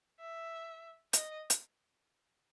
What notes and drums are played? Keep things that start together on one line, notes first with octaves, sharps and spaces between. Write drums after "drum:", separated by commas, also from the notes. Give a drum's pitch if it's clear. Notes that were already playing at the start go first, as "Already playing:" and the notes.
E5
D#5, drum: hi-hat
drum: hi-hat